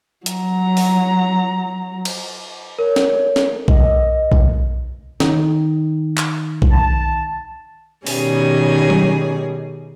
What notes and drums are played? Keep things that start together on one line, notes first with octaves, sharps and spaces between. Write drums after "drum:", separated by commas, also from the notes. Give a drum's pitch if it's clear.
F#3 A#5, drum: hi-hat
drum: open hi-hat
drum: cymbal
A#4 C#5
drum: snare
drum: snare
D#5, drum: kick B1
drum: kick B1
D#3, drum: snare
drum: clap
drum: kick B1
A5
B2 D#3 G3 C#4 G#4, drum: open hi-hat
drum: tom F#3